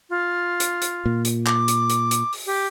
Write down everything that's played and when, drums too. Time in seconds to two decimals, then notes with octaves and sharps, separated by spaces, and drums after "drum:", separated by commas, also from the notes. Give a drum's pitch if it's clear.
0.10 F4
0.60 drum: hi-hat
0.82 drum: hi-hat
1.06 A#2
1.25 drum: hi-hat
1.46 D6, drum: clap
1.68 drum: hi-hat
1.90 drum: hi-hat
2.11 drum: hi-hat
2.33 drum: open hi-hat
2.46 G4